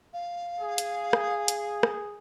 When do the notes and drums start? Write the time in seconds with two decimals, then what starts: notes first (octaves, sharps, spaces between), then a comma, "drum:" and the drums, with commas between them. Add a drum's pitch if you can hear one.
0.13 F5
0.61 G#4
0.78 drum: hi-hat
1.13 drum: rim click
1.48 drum: hi-hat
1.83 drum: rim click